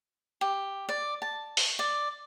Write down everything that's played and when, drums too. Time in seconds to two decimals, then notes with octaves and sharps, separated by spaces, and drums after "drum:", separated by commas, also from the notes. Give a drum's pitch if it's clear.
0.41 G4
0.89 D5
1.22 A5
1.57 drum: open hi-hat
1.79 D5